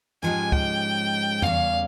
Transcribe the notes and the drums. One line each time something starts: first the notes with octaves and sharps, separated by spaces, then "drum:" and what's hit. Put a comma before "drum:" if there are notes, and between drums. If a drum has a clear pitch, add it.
G#2 F3 G#3 C#4 G4 G#5
G5, drum: kick
E2 C#3 G3 C#4 F5, drum: tom F2